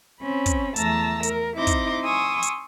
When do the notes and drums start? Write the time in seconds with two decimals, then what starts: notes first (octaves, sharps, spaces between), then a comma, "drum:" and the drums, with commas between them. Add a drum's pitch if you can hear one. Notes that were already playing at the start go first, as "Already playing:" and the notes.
0.19 C4 C#4 B5
0.46 drum: kick, hi-hat
0.76 E2 A3 A5 A#5 E6 A#6, drum: hi-hat
1.23 A#4, drum: hi-hat
1.57 C4 D#4 E4 C6 D6 A#6
1.67 drum: kick, hi-hat
2.03 G#5 C6 C#6 D#6 E6
2.42 drum: hi-hat